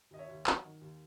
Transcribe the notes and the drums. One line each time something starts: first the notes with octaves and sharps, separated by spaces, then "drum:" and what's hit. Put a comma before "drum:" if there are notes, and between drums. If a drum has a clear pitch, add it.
D#2 D#5
C#5 E5
D#2
F#3, drum: clap
D#3
D#2